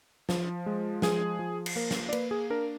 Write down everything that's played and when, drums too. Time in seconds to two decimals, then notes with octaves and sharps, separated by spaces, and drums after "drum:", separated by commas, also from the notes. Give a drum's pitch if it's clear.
0.29 F3, drum: snare
0.66 G#3
1.02 F3 G#4, drum: snare
1.39 F3
1.66 drum: cymbal
1.76 A#3 A#4
1.91 drum: snare
2.09 D5
2.13 A#3 B4, drum: cymbal
2.31 G#4
2.50 D4 A#4